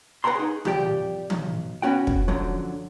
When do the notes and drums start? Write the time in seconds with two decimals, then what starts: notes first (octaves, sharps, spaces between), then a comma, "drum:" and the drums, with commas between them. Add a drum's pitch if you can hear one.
0.24 B4 F#5 G5 A#5 C6
0.35 D#4 G#4
0.65 C2 F2 G4 D5 G5, drum: tom E3
1.30 B1, drum: tom E3
1.82 B3 C#4 F#4 G5
2.07 drum: kick
2.28 F#2 D3 F3 F#3